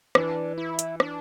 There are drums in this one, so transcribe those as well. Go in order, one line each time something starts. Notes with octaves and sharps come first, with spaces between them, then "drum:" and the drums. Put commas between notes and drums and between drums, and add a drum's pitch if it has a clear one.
E3 D4, drum: rim click
E4
drum: hi-hat
D4, drum: rim click